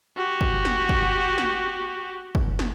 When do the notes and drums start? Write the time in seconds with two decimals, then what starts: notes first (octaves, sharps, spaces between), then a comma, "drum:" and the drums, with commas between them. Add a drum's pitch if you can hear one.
0.17 F#4 G4
0.41 drum: kick
0.65 drum: snare
0.89 drum: kick
1.38 drum: snare
2.35 drum: kick
2.59 drum: snare